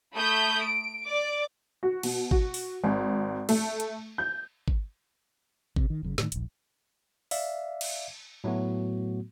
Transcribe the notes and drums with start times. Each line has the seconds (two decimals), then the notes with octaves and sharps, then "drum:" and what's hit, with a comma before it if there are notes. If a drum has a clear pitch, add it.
0.14 A3 B5 D#6 G6
0.62 D7
1.06 D5 D6
1.83 F#4
2.03 B2, drum: cymbal
2.31 F#4, drum: kick G#1
2.54 drum: open hi-hat
2.84 G#1
3.49 A3, drum: cymbal
3.80 drum: hi-hat
4.18 G6
4.68 drum: kick G#1
5.76 C3, drum: kick G#1
5.90 D#3
6.03 F#1 F#2 C#3
6.18 A2 D3 D#3, drum: snare
6.32 D#1 A#1, drum: hi-hat
7.31 D5 E5 F5, drum: open hi-hat
7.81 drum: cymbal
8.44 A2 F#3 A3 B3 F#4